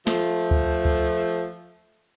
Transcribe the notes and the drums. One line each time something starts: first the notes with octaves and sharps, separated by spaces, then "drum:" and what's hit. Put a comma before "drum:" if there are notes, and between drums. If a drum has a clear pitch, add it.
F3 A3, drum: snare
drum: kick D2
drum: kick D2